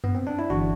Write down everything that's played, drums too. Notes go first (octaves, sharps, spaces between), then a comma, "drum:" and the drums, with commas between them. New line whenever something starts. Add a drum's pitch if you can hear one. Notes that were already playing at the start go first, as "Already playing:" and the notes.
B3, drum: tom F#2
C4
D4
E4
G1 E3 D4 F#4